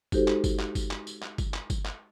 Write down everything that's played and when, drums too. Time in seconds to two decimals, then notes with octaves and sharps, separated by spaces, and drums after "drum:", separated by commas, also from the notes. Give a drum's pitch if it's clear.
0.12 G#3 D#4 F#4 G4 A4 C5, drum: kick G1, tambourine
0.28 drum: clap
0.44 drum: kick G1, tambourine
0.60 drum: clap
0.75 drum: kick G1, tambourine
0.91 drum: clap
1.07 drum: tambourine
1.23 drum: clap
1.38 drum: kick G1, tambourine
1.54 drum: clap
1.70 drum: kick G1, tambourine
1.86 drum: clap